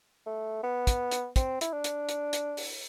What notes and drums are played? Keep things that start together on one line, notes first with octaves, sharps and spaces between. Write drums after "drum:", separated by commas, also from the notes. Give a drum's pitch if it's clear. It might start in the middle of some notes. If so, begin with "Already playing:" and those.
A3
B3
drum: kick, hi-hat
drum: hi-hat
C4, drum: kick, hi-hat
E4, drum: hi-hat
D4
drum: hi-hat
drum: hi-hat
drum: hi-hat
drum: open hi-hat